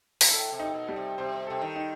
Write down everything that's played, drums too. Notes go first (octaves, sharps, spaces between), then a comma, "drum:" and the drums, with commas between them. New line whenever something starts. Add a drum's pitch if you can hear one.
B2, drum: open hi-hat
A2 A4
C3
D#4
B2
G3
C3
C3 C5
C3 A4
D#3
D#4